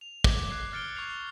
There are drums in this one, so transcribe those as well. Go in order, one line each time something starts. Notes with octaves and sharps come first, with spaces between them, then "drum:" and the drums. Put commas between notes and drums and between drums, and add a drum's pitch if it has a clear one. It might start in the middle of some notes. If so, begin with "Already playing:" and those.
F7
D6 G#6, drum: kick
F#6 G#6 C7
F6 A6 C#7 D7 G7
C#6 G#6 A6 C7 F7